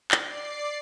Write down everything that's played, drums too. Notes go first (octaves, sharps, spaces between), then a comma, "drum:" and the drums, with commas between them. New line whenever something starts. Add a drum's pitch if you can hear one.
D5 C7, drum: clap